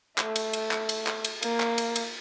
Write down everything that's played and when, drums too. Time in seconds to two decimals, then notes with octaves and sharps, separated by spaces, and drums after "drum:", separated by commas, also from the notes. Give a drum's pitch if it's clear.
0.18 A3, drum: clap
0.36 drum: cymbal
0.53 drum: cymbal
0.71 drum: clap
0.89 drum: cymbal
1.07 drum: clap
1.25 drum: cymbal
1.43 A#3, drum: cymbal
1.60 drum: clap
1.78 drum: cymbal
1.96 drum: cymbal